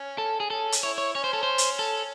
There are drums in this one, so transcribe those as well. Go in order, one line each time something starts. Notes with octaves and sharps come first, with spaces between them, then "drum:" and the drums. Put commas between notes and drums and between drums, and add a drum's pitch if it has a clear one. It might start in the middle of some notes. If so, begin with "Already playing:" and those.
Already playing: C#4
A4
G#4
C#4 A4
drum: hi-hat
E4 C#5
C#5
C#4 C#5
C5
A4
C5
drum: hi-hat
A4